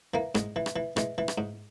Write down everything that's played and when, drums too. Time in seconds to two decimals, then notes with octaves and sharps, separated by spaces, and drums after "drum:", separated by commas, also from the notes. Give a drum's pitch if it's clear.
0.14 E3 A#3
0.35 G#2 G#3, drum: rim click
0.56 E3
0.66 drum: rim click
0.76 E3
0.96 E3 G#3, drum: rim click
1.18 E3
1.28 drum: rim click
1.38 G#2